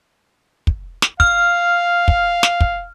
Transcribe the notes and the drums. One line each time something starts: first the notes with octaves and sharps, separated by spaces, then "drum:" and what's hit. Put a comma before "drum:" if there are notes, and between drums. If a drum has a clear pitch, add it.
drum: kick
drum: snare
F5 F6, drum: kick
drum: kick
drum: snare
drum: kick